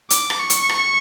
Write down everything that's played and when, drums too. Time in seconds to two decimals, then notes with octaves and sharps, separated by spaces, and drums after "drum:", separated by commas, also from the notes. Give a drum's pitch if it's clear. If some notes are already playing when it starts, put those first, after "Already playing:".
0.10 D6, drum: hi-hat
0.30 drum: rim click
0.39 C#6
0.50 drum: hi-hat
0.69 drum: rim click